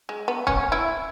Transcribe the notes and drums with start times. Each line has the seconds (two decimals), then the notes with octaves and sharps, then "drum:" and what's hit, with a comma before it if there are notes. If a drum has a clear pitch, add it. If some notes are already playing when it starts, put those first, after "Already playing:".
0.09 G#3
0.28 B3
0.47 C#4, drum: kick
0.72 E4